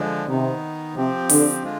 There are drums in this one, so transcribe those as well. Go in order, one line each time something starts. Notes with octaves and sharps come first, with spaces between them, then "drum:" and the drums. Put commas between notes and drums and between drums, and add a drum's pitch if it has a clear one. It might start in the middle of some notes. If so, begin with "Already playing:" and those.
Already playing: D3 F3 G#3 D4
C3 D#3 B3 D#4
C3 F3 C4 G4
D3, drum: open hi-hat
D3 G#3 D4 F4